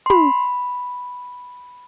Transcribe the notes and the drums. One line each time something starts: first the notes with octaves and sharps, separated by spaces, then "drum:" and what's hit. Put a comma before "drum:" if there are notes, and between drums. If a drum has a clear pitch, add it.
C6
B5, drum: tom